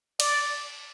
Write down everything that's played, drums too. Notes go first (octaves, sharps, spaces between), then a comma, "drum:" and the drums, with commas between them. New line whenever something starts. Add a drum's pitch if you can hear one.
D5, drum: cymbal